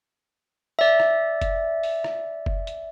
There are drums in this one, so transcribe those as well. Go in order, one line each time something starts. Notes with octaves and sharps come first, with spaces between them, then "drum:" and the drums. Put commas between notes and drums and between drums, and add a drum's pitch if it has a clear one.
D5 E5
drum: rim click
drum: kick F#1, hi-hat
drum: open hi-hat
drum: rim click
drum: kick F#1
drum: hi-hat